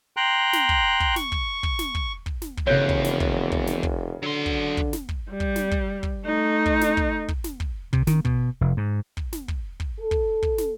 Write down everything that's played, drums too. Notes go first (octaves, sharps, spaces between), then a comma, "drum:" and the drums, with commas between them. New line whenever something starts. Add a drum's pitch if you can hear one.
G5 A#5 C6 F#6
drum: snare
drum: kick
drum: kick
C#6, drum: snare
drum: kick
drum: kick
drum: snare
drum: kick
drum: kick
drum: snare
drum: kick
F1 E2 C#3 C#5 F#6 G6
drum: kick
drum: snare
drum: kick
drum: kick
drum: snare
drum: kick
D3 F#3 C6
drum: kick
drum: kick
drum: snare
drum: kick
G3
drum: kick
drum: snare
drum: kick
drum: kick
A3 D#4
drum: kick
drum: snare
drum: kick
drum: kick
drum: snare
drum: kick
C3, drum: kick
D#3, drum: snare
B2, drum: kick
F1
G#2
drum: kick
drum: snare
drum: kick
drum: kick
A4
drum: kick
drum: kick
drum: snare